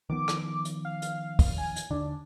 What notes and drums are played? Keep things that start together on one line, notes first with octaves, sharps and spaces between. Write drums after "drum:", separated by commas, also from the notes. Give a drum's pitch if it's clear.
D#3 F3 B3 D6
drum: rim click
drum: hi-hat
F5
drum: hi-hat
drum: kick, open hi-hat
G#5
drum: hi-hat
D#2 D3 D4